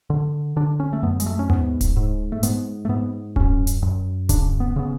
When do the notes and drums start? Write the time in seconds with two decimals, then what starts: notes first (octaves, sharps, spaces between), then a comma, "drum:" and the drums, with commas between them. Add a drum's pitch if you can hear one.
0.10 D3
0.56 D3 D4
0.80 C#4
0.93 A3
1.03 F#2 B3
1.20 G#3, drum: hi-hat
1.26 A3
1.39 C#4
1.50 G#2 B3, drum: tom D#2
1.81 drum: kick D1, hi-hat
1.96 G#2
2.32 A3
2.43 G#2 B3, drum: hi-hat
2.85 A3
2.89 G#2 B3
3.36 F#2 C#4, drum: kick D1
3.67 drum: hi-hat
3.82 F#2
4.29 C#3 D4, drum: kick D1, hi-hat
4.60 B3
4.76 C#3 B3